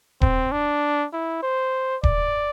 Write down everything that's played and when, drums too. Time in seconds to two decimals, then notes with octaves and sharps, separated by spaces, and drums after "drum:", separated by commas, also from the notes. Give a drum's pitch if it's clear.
0.21 C4, drum: kick D#1
0.52 D4
1.13 E4
1.43 C5
2.03 D5, drum: kick D#1